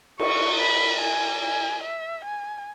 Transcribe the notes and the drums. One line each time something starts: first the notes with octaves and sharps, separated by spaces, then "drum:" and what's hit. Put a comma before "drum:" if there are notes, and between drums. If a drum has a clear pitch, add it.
C#6, drum: cymbal
B5
G#5
G#5
E5
G#5